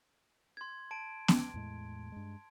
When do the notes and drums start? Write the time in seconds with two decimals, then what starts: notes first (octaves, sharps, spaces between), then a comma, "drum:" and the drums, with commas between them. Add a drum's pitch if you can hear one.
0.57 C6 G#6
0.91 A5 D7
1.28 drum: snare B3
1.54 E2 A2 G#3
2.12 G2 G#3